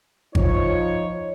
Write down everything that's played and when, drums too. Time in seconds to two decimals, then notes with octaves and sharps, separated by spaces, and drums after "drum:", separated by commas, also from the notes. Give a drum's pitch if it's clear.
0.35 F3 D#4 C#5, drum: kick G#1